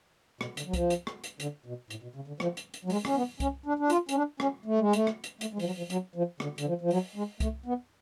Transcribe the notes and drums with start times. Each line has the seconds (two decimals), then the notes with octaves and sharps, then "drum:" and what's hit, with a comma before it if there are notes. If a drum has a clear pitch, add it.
0.41 B2, drum: rim click
0.57 D3, drum: hi-hat
0.66 F#3
0.73 F3, drum: kick C2, hi-hat
0.90 drum: hi-hat
1.07 drum: rim click
1.24 drum: hi-hat
1.40 D3, drum: hi-hat
1.66 B2
1.90 A2, drum: hi-hat
2.03 B2
2.15 C#3
2.28 D3
2.40 F3, drum: rim click
2.57 drum: hi-hat
2.74 drum: hi-hat
2.85 F#3
2.90 G#3, drum: open hi-hat
3.05 C#4, drum: rim click
3.15 B3
3.40 C#4, drum: kick C2, hi-hat
3.66 D4
3.79 D4
3.90 F4, drum: hi-hat
4.09 C#4, drum: hi-hat
4.15 D4
4.40 C#4, drum: rim click
4.66 A3
4.79 G#3
4.93 A3, drum: hi-hat
5.07 drum: rim click
5.24 drum: hi-hat
5.41 A3, drum: hi-hat
5.53 G#3
5.59 F3, drum: open hi-hat
5.66 F#3
5.78 F3
5.90 F#3, drum: hi-hat
6.15 F3
6.40 D3, drum: rim click
6.58 D3, drum: hi-hat
6.66 F3
6.81 F3
6.91 F#3, drum: open hi-hat
7.16 G#3
7.40 A3, drum: kick C2, hi-hat
7.66 B3